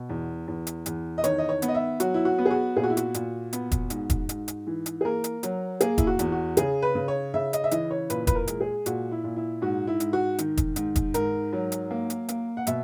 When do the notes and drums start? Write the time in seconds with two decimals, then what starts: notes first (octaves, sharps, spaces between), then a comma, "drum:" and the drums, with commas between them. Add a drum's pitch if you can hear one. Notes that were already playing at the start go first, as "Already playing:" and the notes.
Already playing: B2
0.09 E2
0.48 E2
0.67 drum: hi-hat
0.86 E2, drum: hi-hat
1.18 D#5
1.24 D#3 C#5, drum: hi-hat
1.38 D#5
1.49 C#5
1.62 B3, drum: hi-hat
1.68 D#5
1.75 E5
2.00 F#3 F#4, drum: hi-hat
2.14 E4
2.25 F#4
2.38 B3
2.46 G#4
2.51 F#4
2.76 A#2 G#4
2.84 F#4
2.90 E4
2.97 F#4, drum: hi-hat
3.14 A#2, drum: hi-hat
3.53 B3, drum: hi-hat
3.71 drum: kick E1, hi-hat
3.90 G#2, drum: hi-hat
4.10 drum: kick E1, hi-hat
4.29 G#2, drum: hi-hat
4.48 drum: hi-hat
4.67 E3
4.86 drum: hi-hat
5.01 G#4
5.05 A#3 A#4
5.24 drum: hi-hat
5.43 F#3, drum: hi-hat
5.80 A#3 G#4, drum: hi-hat
5.98 E4, drum: kick E1, hi-hat
6.07 F#4
6.19 E2, drum: hi-hat
6.32 F#4
6.57 C#3 G#4, drum: hi-hat
6.82 B4
6.95 C#3
7.08 C#5
7.34 C#3 E5
7.53 D#5, drum: hi-hat
7.64 E5
7.71 E3 D#5, drum: hi-hat
7.91 C#5
8.10 A#2 B4, drum: hi-hat
8.27 B4, drum: kick E1, hi-hat
8.35 A#4
8.47 G#3, drum: hi-hat
8.61 G#4
8.86 A#2 F#4, drum: hi-hat
9.11 E4
9.24 A#2
9.36 E4
9.62 G#2 F#4
9.87 E4
10.00 G#2, drum: hi-hat
10.13 F#4
10.38 D#3, drum: hi-hat
10.57 drum: kick E1, hi-hat
10.76 G#2, drum: hi-hat
10.96 drum: kick E1, hi-hat
11.14 G#2 A#4, drum: hi-hat
11.53 F#3
11.72 drum: hi-hat
11.91 A#3
12.10 drum: hi-hat
12.29 A#3, drum: hi-hat
12.57 F#5
12.67 B2 E5, drum: hi-hat